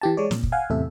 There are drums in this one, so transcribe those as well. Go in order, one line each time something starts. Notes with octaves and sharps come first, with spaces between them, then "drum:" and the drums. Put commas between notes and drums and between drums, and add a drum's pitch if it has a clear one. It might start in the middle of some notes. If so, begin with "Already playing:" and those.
E3 G4 A5
G#3 C#5 D5
A#2, drum: snare
drum: kick
F5 F#5 G#5
E2 A2 C3 A4 E5